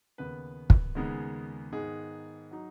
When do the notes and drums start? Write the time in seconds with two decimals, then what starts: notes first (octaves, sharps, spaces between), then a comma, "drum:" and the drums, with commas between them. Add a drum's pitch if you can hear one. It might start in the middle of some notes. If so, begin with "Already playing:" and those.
0.18 D#2 C#3 B3 B4
0.70 drum: kick
0.95 D#2 C#3 G#3 B3 D#4
1.72 G#2 D#3 B3 G#4
2.51 F#3 D#4